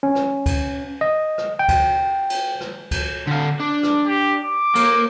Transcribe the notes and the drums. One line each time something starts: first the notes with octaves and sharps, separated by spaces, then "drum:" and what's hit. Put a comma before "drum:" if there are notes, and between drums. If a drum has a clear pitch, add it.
C#4
drum: rim click
drum: kick C#2, cymbal
D#5
drum: rim click
G5
drum: kick C#2, cymbal
drum: cymbal
drum: rim click
drum: kick C#2, cymbal
D3 F5
D4
drum: rim click
G4
D6
A#3, drum: cymbal